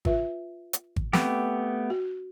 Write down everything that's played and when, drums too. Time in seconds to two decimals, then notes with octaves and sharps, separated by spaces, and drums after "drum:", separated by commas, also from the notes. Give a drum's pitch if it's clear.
0.05 F4 B4 E5, drum: kick G#1
0.73 drum: hi-hat
0.96 drum: kick G#1
1.13 A3 B3 C4 G4, drum: snare
1.90 F#4